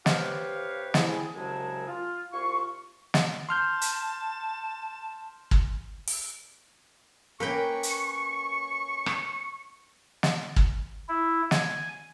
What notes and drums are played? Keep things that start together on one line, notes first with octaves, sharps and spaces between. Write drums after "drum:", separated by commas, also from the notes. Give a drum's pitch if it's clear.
C3 G4 B4 C#5 F5, drum: snare
C4 E4 G#4, drum: snare
C2 F#2 C#3 F#3 G#3 A5
F4
C2 F4 C6 C#6
drum: snare
A5 C6 F6 G6
drum: hi-hat
drum: kick
drum: open hi-hat
A#3 C#4 A#4 B4 G5 C#6
drum: hi-hat
drum: rim click
drum: snare
drum: kick
E4
G#5, drum: snare